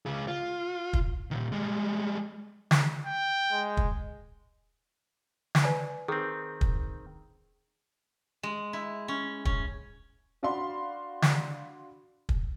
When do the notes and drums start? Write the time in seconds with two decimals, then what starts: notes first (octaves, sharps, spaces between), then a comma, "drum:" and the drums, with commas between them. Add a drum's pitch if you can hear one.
0.06 C#2 G#4
0.28 F4
0.93 drum: kick
1.31 A#2 D#3
1.52 G3 G#3
2.71 drum: snare
3.06 G5
3.52 G#3
3.77 drum: kick
5.55 drum: snare
5.64 B4 D5 G#5
6.08 D#3 C4 G#4
6.61 drum: kick
8.43 G#3
8.73 E4
9.08 C#4
9.45 C#4, drum: kick
10.43 D4 F#4 D5 F5 B5 C6
11.22 drum: snare
12.29 drum: kick